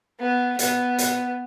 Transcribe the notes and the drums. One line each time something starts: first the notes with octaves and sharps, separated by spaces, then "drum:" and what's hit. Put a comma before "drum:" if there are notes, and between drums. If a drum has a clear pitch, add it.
B3
B3, drum: hi-hat
drum: hi-hat